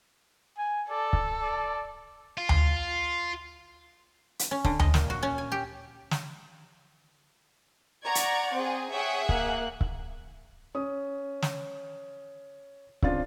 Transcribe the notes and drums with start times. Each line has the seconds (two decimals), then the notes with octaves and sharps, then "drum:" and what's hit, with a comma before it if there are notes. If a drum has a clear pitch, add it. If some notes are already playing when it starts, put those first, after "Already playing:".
0.58 G#5
0.89 A4 D5
1.13 drum: kick C#1
1.42 D5
2.38 F4
2.49 drum: tom D2
4.39 drum: hi-hat
4.51 C#4
4.65 D3, drum: kick C#1
4.79 D#5, drum: tom D2
4.94 A#2, drum: snare
5.10 F#4
5.23 C#4
5.38 G#5
5.52 G4
6.11 drum: snare
8.05 D5 F#5 A#5 C#6 G#6
8.15 drum: hi-hat
8.54 C4 G#4
8.91 G#4 C#5 E5 F#5 G5
9.29 A#3 F#6, drum: kick C#1
9.81 drum: kick C#1
10.75 C#4 D#6
11.42 drum: snare
13.02 C#3 C4 D4 F4 F5 A6, drum: kick C#1